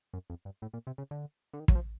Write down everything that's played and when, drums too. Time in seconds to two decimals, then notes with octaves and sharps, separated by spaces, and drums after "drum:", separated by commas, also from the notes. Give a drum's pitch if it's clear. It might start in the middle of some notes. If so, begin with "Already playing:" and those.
0.13 F#2
0.30 F2
0.45 G2
0.62 A2
0.73 A#2
0.87 C3
0.98 C#3
1.11 D3
1.53 D3
1.60 D#3
1.68 F#3, drum: kick
1.75 F3